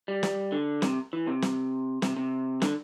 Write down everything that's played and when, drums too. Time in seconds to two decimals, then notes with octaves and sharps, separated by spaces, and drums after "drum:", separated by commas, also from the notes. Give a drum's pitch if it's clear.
0.08 G3
0.23 drum: snare
0.52 D3
0.82 C3, drum: snare
1.13 E3
1.27 C3
1.42 drum: snare
2.02 C3, drum: snare
2.17 C3
2.62 D3, drum: snare